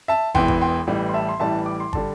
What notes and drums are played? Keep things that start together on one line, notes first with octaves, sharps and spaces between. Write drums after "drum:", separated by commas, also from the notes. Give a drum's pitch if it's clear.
E5 A5
E1 E2 E3 G5 C6, drum: kick
drum: kick
G5 C6
A1 A2 E3 G3
C6
E5 A5
C6
A1 A2 E3 G3 E5 A5
D6
C6
D3 G3 A5, drum: kick